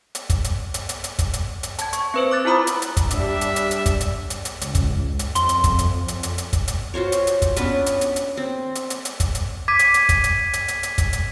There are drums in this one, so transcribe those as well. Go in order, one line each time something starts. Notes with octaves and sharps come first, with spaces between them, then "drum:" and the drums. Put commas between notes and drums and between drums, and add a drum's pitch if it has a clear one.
drum: hi-hat
drum: kick, hi-hat
drum: hi-hat
drum: hi-hat
drum: hi-hat
drum: hi-hat
drum: kick, hi-hat
drum: hi-hat
drum: hi-hat
A5 G#6, drum: hi-hat
C#6, drum: hi-hat
C4 B4 C5
D6 F#6 A6
E4 F4 C5 A#5 B5 D#6
drum: hi-hat
drum: hi-hat
drum: kick, hi-hat
G3 D4 E5, drum: hi-hat
drum: hi-hat
drum: hi-hat
drum: hi-hat
drum: kick, hi-hat
drum: hi-hat
drum: hi-hat
drum: hi-hat
C#2, drum: hi-hat
drum: kick, hi-hat
drum: hi-hat
F2 C6, drum: hi-hat
drum: hi-hat
drum: kick, hi-hat
drum: hi-hat
drum: hi-hat
drum: hi-hat
drum: hi-hat
drum: kick, hi-hat
drum: hi-hat
F4 F#4 C5 C#5
drum: hi-hat
drum: hi-hat
drum: kick, hi-hat
B3 C#4 D4 B4, drum: hi-hat
drum: hi-hat
drum: hi-hat
drum: hi-hat
C4
drum: hi-hat
drum: hi-hat
drum: hi-hat
drum: kick, hi-hat
drum: hi-hat
D6 G#6 B6 D#7
drum: hi-hat
drum: hi-hat
drum: kick, hi-hat
drum: hi-hat
drum: hi-hat
drum: hi-hat
drum: hi-hat
drum: kick, hi-hat
drum: hi-hat